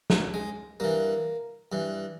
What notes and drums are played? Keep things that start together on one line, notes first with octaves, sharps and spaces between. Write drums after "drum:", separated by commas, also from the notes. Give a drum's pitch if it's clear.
drum: snare
G#3
G2 E3 A#3
G2 E3